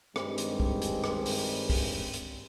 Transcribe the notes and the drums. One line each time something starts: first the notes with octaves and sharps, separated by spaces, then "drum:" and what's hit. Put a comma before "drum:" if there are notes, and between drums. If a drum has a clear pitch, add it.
G2 D#3 G3 G#3 C4, drum: rim click
drum: hi-hat
drum: kick
drum: hi-hat
drum: rim click
drum: open hi-hat
drum: kick, open hi-hat
drum: hi-hat